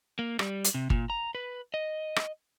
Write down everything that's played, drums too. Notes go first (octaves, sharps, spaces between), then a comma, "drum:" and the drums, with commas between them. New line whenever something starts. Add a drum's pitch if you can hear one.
A#3
G3, drum: rim click
drum: hi-hat
C3
A#2, drum: kick G1
A#5
B4
D#5
drum: rim click